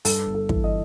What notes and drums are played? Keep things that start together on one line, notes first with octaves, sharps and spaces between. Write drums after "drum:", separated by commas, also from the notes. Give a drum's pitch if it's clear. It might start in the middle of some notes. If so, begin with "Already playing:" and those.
G2 A4, drum: open hi-hat
G1
A4
E3, drum: kick
D#5